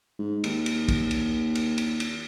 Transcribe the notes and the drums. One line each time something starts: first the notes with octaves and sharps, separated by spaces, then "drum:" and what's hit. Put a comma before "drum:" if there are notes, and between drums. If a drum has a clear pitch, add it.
G#2
D#2, drum: cymbal
drum: cymbal
drum: kick, cymbal
drum: cymbal
drum: cymbal
drum: cymbal
drum: cymbal